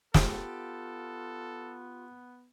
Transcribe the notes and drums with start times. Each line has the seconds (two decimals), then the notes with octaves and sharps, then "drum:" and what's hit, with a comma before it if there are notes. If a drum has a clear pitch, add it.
0.14 B3 F4 G4 A4, drum: snare